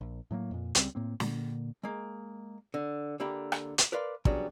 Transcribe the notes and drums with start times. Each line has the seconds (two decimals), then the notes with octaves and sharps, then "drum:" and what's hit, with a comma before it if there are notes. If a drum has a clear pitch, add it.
0.01 A#1
0.31 A2 F#3 A3 A#3
0.51 F2 A#2
0.75 C#2 C#3 G3 C4, drum: hi-hat
0.95 A2 A#3 C4
1.20 A#2 D3 A#3, drum: snare
1.83 G#3 A#3
2.74 D3
3.20 D3 A#3 G4 E5 B5
3.52 drum: rim click
3.78 drum: hi-hat
3.92 A#4 B4 D5 F5 C6
4.25 C#3 F#3 G3 B3 D4 F#4, drum: kick